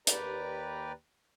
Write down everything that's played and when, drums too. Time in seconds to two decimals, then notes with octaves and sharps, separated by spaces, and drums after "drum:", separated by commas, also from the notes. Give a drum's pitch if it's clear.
0.07 D#2 G4 B4 D5 A#5, drum: hi-hat